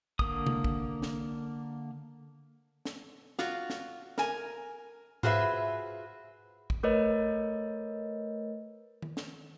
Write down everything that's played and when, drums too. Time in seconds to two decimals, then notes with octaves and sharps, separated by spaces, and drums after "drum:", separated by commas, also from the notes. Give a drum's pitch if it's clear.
0.19 D3 A#3 D#6, drum: kick
0.47 drum: tom C3
0.64 drum: kick
1.02 drum: snare
2.85 drum: snare
3.39 F4 F#4, drum: snare
3.70 drum: snare
4.18 A#4 G#5, drum: snare
5.23 F4 F#4 G#4 B4 C5 E5, drum: tom G#2
6.70 drum: kick
6.83 A3 A#4 B4 C#5 D#5
9.02 drum: tom D#3
9.17 drum: snare